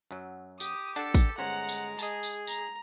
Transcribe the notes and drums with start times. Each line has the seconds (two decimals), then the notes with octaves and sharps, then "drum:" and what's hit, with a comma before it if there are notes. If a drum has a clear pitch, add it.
0.11 F#2 F#3
0.60 G4 D#6, drum: tambourine
0.96 D4 A4 F#5 A5
1.14 drum: kick, tambourine
1.38 G1 G#3 C#4 C5 F#5 A#5
1.69 drum: tambourine
1.99 G#4 D#5 A5, drum: tambourine
2.23 drum: tambourine
2.47 A#5, drum: tambourine